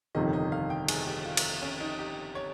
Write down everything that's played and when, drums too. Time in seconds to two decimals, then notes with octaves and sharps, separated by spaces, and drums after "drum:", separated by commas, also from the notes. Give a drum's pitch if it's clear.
0.15 G1 F2 C3 D#3 D#5
0.33 D#5
0.52 F5
0.70 G5
0.88 G#4, drum: cymbal
1.07 G4
1.25 F4
1.37 drum: cymbal
1.62 C#4
1.81 D#4
1.99 G4
2.35 C#5